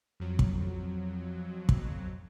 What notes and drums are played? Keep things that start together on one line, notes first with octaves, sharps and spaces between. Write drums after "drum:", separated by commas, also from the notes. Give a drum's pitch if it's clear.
F2 F#3
drum: kick
drum: kick